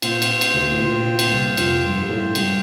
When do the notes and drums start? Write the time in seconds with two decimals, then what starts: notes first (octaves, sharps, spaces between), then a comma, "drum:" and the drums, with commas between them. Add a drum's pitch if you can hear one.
0.02 A#2 C4 F4 C5 G5, drum: cymbal
0.22 drum: cymbal
0.41 drum: cymbal
0.54 D2 D3
0.71 A2
0.80 A#2
1.06 A#2
1.19 drum: cymbal
1.32 C2 C3
1.57 F2 F3, drum: cymbal
1.83 G2 G3
2.02 G3
2.09 A2 A3
2.35 G2 G3, drum: cymbal